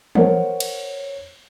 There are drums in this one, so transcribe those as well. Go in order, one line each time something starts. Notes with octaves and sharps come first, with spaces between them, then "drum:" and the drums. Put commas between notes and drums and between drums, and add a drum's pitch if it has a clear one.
A#4 C5 C#5 F#5, drum: tom E3
drum: cymbal